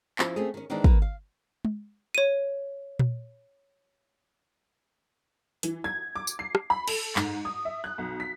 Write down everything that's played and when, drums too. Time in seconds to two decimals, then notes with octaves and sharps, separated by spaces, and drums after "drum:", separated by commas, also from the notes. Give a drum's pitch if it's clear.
0.19 F3 C#4 E4 F4, drum: clap
0.36 A3 C4 C#4 G#4
0.54 D#3 C#4
0.70 D#3 E3 G#3 C4 D4 D#4
0.84 A#3 A#4 B4, drum: kick
1.02 F5
1.65 drum: tom G#3
2.15 C#5 D#7
2.99 drum: tom A#2
5.63 E3, drum: hi-hat
5.84 G#6
6.15 D6
6.27 drum: tambourine
6.39 C7
6.55 drum: rim click
6.70 B5
6.88 A4, drum: cymbal
7.16 G#2, drum: clap
7.45 D#6
7.65 E5
7.84 F#6
7.98 B1
8.20 B6